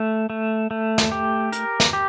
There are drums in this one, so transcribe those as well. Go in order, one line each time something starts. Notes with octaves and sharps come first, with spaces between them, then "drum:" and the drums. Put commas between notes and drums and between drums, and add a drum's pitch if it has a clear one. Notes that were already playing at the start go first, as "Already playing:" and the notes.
Already playing: A3
A3
A3
drum: snare
G4
A#4, drum: hi-hat
drum: snare
G4